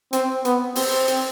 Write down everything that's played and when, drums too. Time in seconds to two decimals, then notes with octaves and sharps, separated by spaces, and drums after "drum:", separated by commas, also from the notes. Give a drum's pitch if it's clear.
0.13 C4, drum: hi-hat
0.45 B3, drum: hi-hat
0.75 C4, drum: open hi-hat
1.08 drum: hi-hat